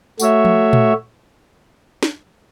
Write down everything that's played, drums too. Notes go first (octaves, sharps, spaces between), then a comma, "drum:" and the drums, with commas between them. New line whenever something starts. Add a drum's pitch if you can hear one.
A3 F#4 C#5 E5, drum: tambourine
drum: tom F3
drum: tom A#2
drum: snare